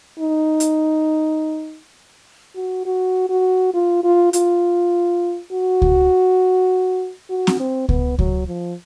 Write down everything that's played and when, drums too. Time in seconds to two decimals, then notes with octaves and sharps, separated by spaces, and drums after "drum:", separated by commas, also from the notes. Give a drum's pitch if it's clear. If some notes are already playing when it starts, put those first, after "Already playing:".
0.19 D#4
0.60 drum: hi-hat
2.55 F#4
2.86 F#4
3.29 F#4
3.74 F4
4.03 F4
4.33 F4, drum: hi-hat
5.52 F#4
5.82 drum: kick C#2
7.29 F#4
7.47 drum: snare C4
7.60 C4
7.89 B3, drum: kick C#2
8.19 F#3, drum: kick C#2
8.47 F3